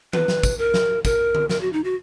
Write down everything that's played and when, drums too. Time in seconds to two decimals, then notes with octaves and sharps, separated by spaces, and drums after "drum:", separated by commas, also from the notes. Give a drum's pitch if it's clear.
0.13 B4, drum: tom D#3
0.28 drum: snare
0.43 drum: kick, tambourine
0.58 A#4
0.74 drum: snare
1.05 A#4, drum: kick, tambourine
1.35 drum: tom D3
1.49 A#4, drum: snare
1.61 F#4
1.73 D#4
1.84 F#4